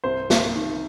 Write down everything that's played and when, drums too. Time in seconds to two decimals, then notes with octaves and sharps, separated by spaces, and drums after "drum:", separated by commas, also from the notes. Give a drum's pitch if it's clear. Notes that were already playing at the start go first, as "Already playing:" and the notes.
0.04 C2 C5
0.30 C2, drum: snare
0.56 D#3